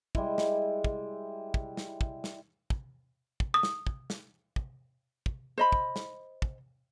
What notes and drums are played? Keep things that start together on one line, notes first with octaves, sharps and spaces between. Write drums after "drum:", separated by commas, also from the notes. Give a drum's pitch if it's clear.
G3 G#3 E4, drum: kick
drum: snare
drum: kick
drum: kick
drum: snare
drum: kick
drum: snare
drum: kick
drum: kick
D#6
drum: snare
drum: kick
drum: snare
drum: kick
drum: kick
C5 D#5 B5
drum: kick
drum: snare
drum: kick